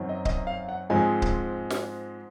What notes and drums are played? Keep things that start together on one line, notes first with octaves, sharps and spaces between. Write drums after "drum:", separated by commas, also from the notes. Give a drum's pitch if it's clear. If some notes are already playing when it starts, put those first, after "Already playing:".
Already playing: F#2 D#3 F#3 C4
D#5
D#5, drum: kick C#1
F5
F#5
G#2 F3 G#3 C4 G#5
drum: kick C#1
drum: snare